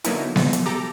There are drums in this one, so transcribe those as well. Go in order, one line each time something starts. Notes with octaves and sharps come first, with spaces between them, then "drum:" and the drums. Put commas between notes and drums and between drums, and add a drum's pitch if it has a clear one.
D3 F#3 A#3 B3 D#4 E4, drum: hi-hat
D3, drum: snare B3
drum: hi-hat
G4 A4 A#5 D6